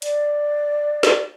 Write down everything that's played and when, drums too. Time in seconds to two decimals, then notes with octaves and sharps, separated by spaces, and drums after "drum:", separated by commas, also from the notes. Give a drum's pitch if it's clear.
0.02 D5, drum: hi-hat
1.03 drum: snare